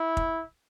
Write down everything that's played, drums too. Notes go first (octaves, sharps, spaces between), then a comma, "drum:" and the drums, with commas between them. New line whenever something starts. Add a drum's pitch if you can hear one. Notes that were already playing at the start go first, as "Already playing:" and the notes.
Already playing: E4
drum: kick